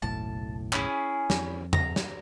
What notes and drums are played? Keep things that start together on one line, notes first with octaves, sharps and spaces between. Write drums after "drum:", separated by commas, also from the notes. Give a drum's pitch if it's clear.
F#1 B1 A2 A5
C#4 E4 G#4, drum: clap
F2, drum: snare
A#5, drum: tom E2
drum: snare